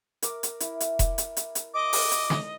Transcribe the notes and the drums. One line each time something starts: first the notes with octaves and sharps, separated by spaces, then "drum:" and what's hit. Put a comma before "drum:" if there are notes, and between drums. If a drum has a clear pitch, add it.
A#4 D6, drum: hi-hat
drum: hi-hat
E4, drum: hi-hat
drum: hi-hat
drum: kick E1, hi-hat
drum: hi-hat
drum: hi-hat
drum: hi-hat
D#5 D6
drum: open hi-hat
drum: hi-hat
drum: snare